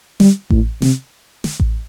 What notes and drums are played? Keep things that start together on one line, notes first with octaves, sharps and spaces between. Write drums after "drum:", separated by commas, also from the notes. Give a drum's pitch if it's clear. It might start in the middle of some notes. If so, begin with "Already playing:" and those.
G3, drum: snare
A2, drum: kick A1
C3, drum: snare
drum: snare
drum: kick A1